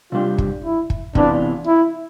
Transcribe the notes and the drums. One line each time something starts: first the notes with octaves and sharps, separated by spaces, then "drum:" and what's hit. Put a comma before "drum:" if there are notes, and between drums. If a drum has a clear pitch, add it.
C3 G3 D4 F4 G4
drum: kick
E4
drum: kick
C3 E3 B3 D4 F4, drum: kick
E4